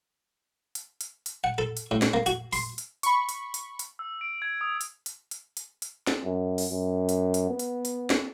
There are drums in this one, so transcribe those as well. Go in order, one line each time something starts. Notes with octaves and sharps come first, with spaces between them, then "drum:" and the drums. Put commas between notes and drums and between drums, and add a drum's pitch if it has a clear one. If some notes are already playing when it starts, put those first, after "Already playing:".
drum: hi-hat
drum: hi-hat
drum: hi-hat
F#5
A4
drum: hi-hat
A2
drum: snare
A#3
F#4, drum: hi-hat
C6, drum: open hi-hat
drum: hi-hat
B5 C#6, drum: hi-hat
drum: hi-hat
drum: hi-hat
drum: hi-hat
E6
D7
G#6
D#6
drum: hi-hat
drum: hi-hat
drum: hi-hat
drum: hi-hat
drum: hi-hat
drum: snare
F#2
drum: open hi-hat
F#2
drum: hi-hat
drum: hi-hat
B3
drum: hi-hat
drum: hi-hat
drum: snare